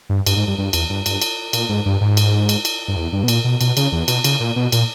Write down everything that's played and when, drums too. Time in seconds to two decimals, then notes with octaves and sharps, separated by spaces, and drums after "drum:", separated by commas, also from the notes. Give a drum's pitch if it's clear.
0.09 G2
0.26 G2, drum: cymbal
0.37 G#2
0.47 G2
0.58 G2
0.73 E2, drum: cymbal
0.90 G2
1.06 G2, drum: cymbal
1.22 drum: cymbal
1.53 A#2, drum: cymbal
1.69 G#2
1.86 G2
2.01 G#2
2.17 drum: cymbal
2.49 drum: cymbal
2.65 drum: cymbal
2.88 G2
2.97 E2
3.13 G2
3.23 B2
3.28 A#2, drum: cymbal
3.44 B2
3.61 B2, drum: cymbal
3.77 C#3, drum: cymbal
3.92 E2
4.08 B2, drum: cymbal
4.24 C#3, drum: cymbal
4.40 A#2
4.56 B2
4.72 A#2, drum: cymbal